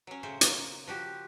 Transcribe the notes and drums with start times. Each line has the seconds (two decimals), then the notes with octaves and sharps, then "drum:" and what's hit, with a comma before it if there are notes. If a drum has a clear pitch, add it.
0.07 F#3 C#4
0.23 A2 C#3 F#3 C5
0.41 A#3, drum: hi-hat
0.88 F3 F#4 G4